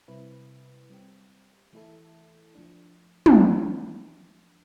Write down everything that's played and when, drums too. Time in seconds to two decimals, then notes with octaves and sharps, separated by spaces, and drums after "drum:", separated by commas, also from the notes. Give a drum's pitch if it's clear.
0.08 C3 G3 C4 E4 B4
0.90 G3 C4 G4
1.73 E3 A3 E4 A4
2.55 F3 A3 D4
3.26 drum: tom